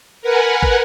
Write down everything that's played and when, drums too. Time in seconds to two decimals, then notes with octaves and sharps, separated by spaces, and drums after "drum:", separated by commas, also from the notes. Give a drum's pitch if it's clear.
0.21 A#4 B4 F#5 G#5
0.63 drum: kick